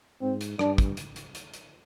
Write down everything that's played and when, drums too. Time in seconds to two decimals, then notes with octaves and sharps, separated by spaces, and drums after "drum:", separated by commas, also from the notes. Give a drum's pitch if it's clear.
0.22 G#2 C4
0.41 drum: hi-hat
0.59 G2 D4, drum: rim click
0.78 drum: kick, hi-hat
0.97 drum: hi-hat
1.16 drum: hi-hat
1.35 drum: hi-hat
1.54 drum: hi-hat